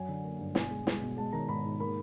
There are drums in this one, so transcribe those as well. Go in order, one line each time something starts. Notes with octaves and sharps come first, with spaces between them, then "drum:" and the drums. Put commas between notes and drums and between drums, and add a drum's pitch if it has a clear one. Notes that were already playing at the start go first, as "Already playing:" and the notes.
Already playing: F#2 F#3 G#5
D3
A#3
G2
B2 G#5, drum: snare
G#3
G#3, drum: snare
B2
G#3 A5
D#3 A#5
G#2 B5
G#2
A#3 B5